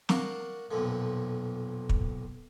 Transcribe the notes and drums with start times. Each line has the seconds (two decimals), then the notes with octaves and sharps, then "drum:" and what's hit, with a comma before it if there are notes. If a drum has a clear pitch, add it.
0.09 D4 F#4 A#4 F5, drum: snare
0.71 B1 F2 A#2 D3
1.89 drum: kick